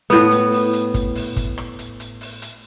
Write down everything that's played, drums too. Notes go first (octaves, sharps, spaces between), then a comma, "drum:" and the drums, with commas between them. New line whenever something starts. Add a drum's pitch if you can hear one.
A2 B3, drum: hi-hat
drum: hi-hat
drum: open hi-hat
drum: hi-hat
drum: kick, hi-hat
drum: open hi-hat
drum: kick, hi-hat
drum: rim click
drum: hi-hat
drum: hi-hat
drum: open hi-hat
drum: hi-hat